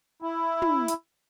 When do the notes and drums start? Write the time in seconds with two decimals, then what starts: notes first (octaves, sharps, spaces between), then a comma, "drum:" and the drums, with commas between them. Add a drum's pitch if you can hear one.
0.22 E4
0.62 drum: tom
0.88 drum: hi-hat